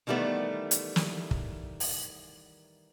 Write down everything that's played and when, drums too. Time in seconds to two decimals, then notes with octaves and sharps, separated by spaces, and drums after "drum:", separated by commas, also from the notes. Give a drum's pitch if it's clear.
0.07 D#3 E3 G3 A3 B3
0.71 drum: hi-hat
0.96 drum: snare
1.31 drum: kick
1.80 drum: open hi-hat